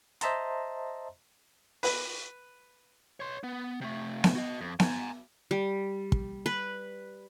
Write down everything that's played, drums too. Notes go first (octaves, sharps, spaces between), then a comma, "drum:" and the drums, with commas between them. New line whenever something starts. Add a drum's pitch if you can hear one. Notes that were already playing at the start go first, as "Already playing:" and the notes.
C5 D#5 E5 A5 A#5 C6, drum: hi-hat
B4, drum: open hi-hat
C#5 C6
B3
C3 A3
drum: snare B3
F#4 D#5
F2
G#5 A#5, drum: snare B3
G3
drum: kick
B4